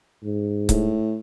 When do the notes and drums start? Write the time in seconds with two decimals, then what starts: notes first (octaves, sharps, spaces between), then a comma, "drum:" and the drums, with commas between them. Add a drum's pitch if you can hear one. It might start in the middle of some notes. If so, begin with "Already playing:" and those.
0.23 G#2
0.69 A2, drum: kick C#1, hi-hat